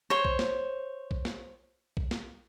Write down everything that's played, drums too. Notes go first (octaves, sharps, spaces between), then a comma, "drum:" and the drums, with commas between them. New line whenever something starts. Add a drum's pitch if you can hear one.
C5 C#5
drum: kick
drum: snare
drum: kick
drum: snare
drum: kick
drum: snare